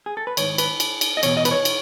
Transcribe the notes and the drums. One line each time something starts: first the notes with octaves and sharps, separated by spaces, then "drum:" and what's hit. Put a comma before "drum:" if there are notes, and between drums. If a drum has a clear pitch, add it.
G#4
A4
B4
G#2 D#3 C#5, drum: cymbal
B4, drum: cymbal
drum: cymbal
drum: cymbal
D#5
E2 B2 C#5, drum: cymbal
D#5
B4, drum: cymbal
C#5
drum: cymbal